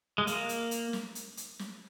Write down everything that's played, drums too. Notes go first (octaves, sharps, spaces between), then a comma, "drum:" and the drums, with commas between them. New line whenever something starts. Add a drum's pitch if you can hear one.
G#3
A#3, drum: hi-hat
drum: hi-hat
drum: hi-hat
drum: snare
drum: hi-hat
drum: hi-hat
drum: snare